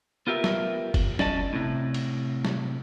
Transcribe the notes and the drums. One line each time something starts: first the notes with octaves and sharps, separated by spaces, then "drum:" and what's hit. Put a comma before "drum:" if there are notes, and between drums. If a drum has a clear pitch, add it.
B3 F4 G4 A#4 E5
drum: snare
drum: kick, cymbal
C#4 D5 D#5 A5, drum: snare
A2 C3
drum: cymbal
drum: snare